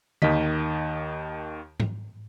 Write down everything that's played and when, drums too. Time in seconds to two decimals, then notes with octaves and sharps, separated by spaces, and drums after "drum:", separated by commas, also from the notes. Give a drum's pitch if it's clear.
0.22 D#2 D#3 D#5 B6, drum: tom D3
1.80 drum: tom G#2